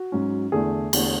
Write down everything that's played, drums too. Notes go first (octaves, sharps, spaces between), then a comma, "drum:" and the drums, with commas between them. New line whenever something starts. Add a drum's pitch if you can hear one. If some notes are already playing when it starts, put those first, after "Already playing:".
Already playing: F#4
G#2 F#3 C#4
E2 D3 A3 G#4
E2 D3 A3, drum: cymbal